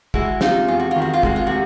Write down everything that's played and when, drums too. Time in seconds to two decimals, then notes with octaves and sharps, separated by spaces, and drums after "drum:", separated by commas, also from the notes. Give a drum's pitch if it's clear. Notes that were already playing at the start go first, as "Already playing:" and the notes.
0.14 G#3 E4 F#4, drum: kick
0.41 C3 D#4 F4, drum: snare
0.68 E2 F4
0.80 F#4
0.91 D#3 F4
1.02 F#4
1.13 F4
1.23 G#3 F#4, drum: kick
1.36 F4
1.47 C3 F#4